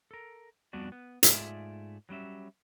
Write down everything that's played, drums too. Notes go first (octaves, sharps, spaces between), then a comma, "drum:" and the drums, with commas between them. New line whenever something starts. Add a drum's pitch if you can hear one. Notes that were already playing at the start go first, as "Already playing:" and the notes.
A4 A#4
F2 G3 B3 D4 F#4 D5
B3
G#2 A3 F4 G#4 D5 E5, drum: hi-hat
F#3 G3 C#4 E5